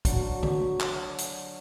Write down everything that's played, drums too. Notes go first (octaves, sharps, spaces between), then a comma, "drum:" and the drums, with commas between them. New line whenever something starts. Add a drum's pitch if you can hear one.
D3 F#3, drum: kick, hi-hat
drum: tom D3
drum: clap
drum: hi-hat